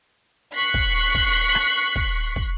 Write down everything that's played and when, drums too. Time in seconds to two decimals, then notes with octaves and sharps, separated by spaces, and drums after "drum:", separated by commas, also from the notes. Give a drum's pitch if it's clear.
0.54 C#6 F#6 B6 C7
0.74 drum: kick
1.15 drum: kick
1.55 drum: rim click
1.95 drum: kick
2.36 drum: kick